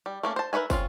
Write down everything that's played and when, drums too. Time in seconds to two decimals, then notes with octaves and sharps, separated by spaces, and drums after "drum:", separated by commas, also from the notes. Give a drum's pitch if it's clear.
0.06 G3
0.23 A3 A#3 C#4
0.36 C5 A5
0.53 A#4 B4 C#5 E5 G#5
0.70 C4 C#4 F4 F5, drum: kick, tambourine